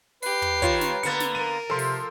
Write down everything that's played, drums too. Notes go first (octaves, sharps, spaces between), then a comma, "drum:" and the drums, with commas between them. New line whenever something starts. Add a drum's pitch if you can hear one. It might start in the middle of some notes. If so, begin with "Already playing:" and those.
G4 B4 C7, drum: open hi-hat
drum: tom
D#3 F4 C#5, drum: kick, hi-hat
drum: snare
D3 A#3 B3 A6 C#7, drum: hi-hat
drum: snare
A#4 D#7
C3 F3 A4 C6
drum: open hi-hat